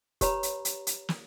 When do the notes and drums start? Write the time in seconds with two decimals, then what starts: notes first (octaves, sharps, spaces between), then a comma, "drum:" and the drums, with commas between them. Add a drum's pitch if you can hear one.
0.21 G4 B4 C#5 A#5 B5, drum: kick F1, hi-hat
0.43 drum: hi-hat
0.65 drum: hi-hat
0.87 drum: hi-hat
1.09 drum: snare